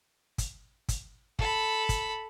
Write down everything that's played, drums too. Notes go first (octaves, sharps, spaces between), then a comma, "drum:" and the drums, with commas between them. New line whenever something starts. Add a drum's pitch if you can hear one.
drum: kick, hi-hat
drum: kick, hi-hat
A4 B5, drum: kick
drum: kick, hi-hat